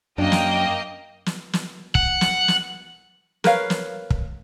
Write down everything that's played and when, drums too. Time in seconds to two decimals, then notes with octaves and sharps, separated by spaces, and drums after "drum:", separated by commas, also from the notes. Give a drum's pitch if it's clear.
0.18 F#2 A#3 D4 D#5 G5
0.32 drum: snare
1.26 drum: snare
1.53 drum: snare
1.95 F#5, drum: kick
2.21 drum: snare
2.48 drum: snare
3.44 A#4 B4 C#5 F5, drum: snare
3.70 drum: snare
4.10 drum: kick